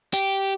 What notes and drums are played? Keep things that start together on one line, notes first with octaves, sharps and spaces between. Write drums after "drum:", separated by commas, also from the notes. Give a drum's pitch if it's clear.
G4, drum: tambourine